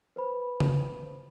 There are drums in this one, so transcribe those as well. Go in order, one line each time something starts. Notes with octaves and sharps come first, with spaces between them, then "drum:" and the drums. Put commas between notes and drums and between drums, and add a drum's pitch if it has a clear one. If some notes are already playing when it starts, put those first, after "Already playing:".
B4 C5 B5
drum: tom C#3